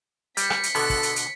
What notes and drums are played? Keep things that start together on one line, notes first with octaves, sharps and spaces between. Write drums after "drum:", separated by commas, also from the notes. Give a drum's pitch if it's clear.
G3 B6 C#7, drum: hi-hat
drum: rim click
drum: hi-hat
B2 D3 B3 A4, drum: open hi-hat
drum: kick, open hi-hat
drum: hi-hat
drum: hi-hat